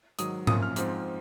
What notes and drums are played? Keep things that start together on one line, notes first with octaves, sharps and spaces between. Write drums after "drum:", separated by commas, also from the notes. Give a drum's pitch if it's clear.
G#2 D#3 F#3 D#6, drum: hi-hat
F#2 F3 A#3 C#4 D#6, drum: tom G#2
F6
G#2 F3 C4, drum: hi-hat